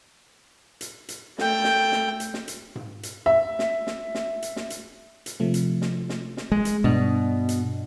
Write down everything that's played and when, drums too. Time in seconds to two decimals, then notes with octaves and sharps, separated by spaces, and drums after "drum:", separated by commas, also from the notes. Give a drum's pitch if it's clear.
0.81 drum: hi-hat
1.09 drum: hi-hat
1.38 A3 G5, drum: snare
1.64 drum: snare
1.92 drum: snare
2.20 drum: hi-hat
2.34 drum: snare
2.48 drum: hi-hat
2.75 drum: tom G#2
3.03 drum: hi-hat
3.26 E5
3.59 drum: snare
3.87 drum: snare
4.15 drum: snare
4.42 drum: hi-hat
4.56 drum: snare
4.70 drum: hi-hat
5.26 drum: hi-hat
5.40 C3 F3 A3
5.54 drum: hi-hat
5.82 drum: snare
6.09 drum: snare
6.37 drum: snare
6.52 G#3
6.65 drum: hi-hat
6.84 G2 B2 D4 D#5
7.49 drum: hi-hat